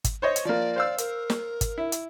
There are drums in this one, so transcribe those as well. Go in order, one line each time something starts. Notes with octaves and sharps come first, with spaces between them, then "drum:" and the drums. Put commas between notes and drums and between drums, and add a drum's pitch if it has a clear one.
drum: kick, hi-hat
C5 C#5 D#5
drum: hi-hat
F3 A#3 D5
C5 F5 E6
A#4, drum: hi-hat
drum: snare
drum: kick, hi-hat
E4
drum: hi-hat